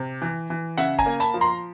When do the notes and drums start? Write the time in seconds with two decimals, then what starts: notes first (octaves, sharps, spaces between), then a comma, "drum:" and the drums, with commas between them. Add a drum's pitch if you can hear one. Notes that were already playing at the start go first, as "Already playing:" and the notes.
Already playing: C3
0.22 E3
0.50 E3
0.78 C#3 E5 F#5, drum: hi-hat
0.99 G#5 A#5, drum: kick
1.06 A#3
1.20 A5 B5, drum: hi-hat
1.34 F3
1.41 A#5 C6